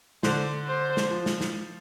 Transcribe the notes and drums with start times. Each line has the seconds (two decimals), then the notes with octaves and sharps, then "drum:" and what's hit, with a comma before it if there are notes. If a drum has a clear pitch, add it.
0.23 D3 C5, drum: snare
0.67 C5
0.97 drum: snare
1.11 F3
1.26 drum: snare
1.41 drum: snare